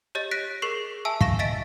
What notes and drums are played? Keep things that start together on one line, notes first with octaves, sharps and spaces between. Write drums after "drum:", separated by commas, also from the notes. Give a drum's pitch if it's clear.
G4 C#5 D#5 A6
F#6 A#6 B6 D7
G#4 A#4 C#6 C7
E5 G#5 A5 E6
F5 C#6 A#6 E7, drum: kick
D#5 E5 A6 B6 D7